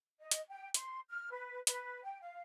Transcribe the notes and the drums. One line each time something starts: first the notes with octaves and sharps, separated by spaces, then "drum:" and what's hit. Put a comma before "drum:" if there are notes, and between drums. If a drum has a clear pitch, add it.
D#5
drum: hi-hat
G5
C6, drum: hi-hat
F6
B4
B4, drum: hi-hat
G5
F5